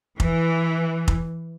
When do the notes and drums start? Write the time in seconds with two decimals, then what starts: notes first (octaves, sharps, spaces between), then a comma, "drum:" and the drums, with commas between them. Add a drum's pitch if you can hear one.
0.20 E3, drum: kick F1
1.08 drum: kick F1